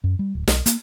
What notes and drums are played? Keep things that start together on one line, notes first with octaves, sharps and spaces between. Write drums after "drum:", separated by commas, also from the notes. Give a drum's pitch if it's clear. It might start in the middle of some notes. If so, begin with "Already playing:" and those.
F#2
G3
D1
B1, drum: snare
A#3, drum: hi-hat